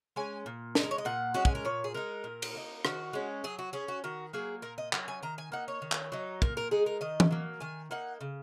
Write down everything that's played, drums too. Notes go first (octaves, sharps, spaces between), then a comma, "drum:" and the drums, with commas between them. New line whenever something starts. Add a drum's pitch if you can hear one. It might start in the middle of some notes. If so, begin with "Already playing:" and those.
G#3 C#4 G#5
A#2
G#3 D#4, drum: snare
A#4
C#5
D#5
A#2 F#5
G#3 C#4 F#4
G#4, drum: kick
A#4
A#2 C#5
G#4
G#3 D#4 A#4
A#2
drum: cymbal
A#3 D#4
D#3 F#4, drum: rim click
G#3 C#4
F#3 G#4
F#4
C#4 G#4
F#4
D#3 F#4
F#3 A#3 G#4
A#2 A#4
D#5
F#3 C#4 F#5, drum: clap
G#5
D#3 A#5
G#5
A#3 D#4 F#5
C#5
D#3
drum: clap
F#3 D#4
A#2 A#4, drum: kick
A#4
G#3 D#4 G#4
A#4
D#3 D#5
drum: tom E3
F#3 A#3
D#3 G#5
A#3 D#4 F#5
C#3